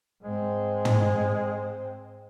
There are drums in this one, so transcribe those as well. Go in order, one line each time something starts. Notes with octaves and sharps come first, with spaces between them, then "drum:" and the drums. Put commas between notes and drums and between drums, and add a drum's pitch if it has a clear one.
G#2 G#3 C4
drum: tom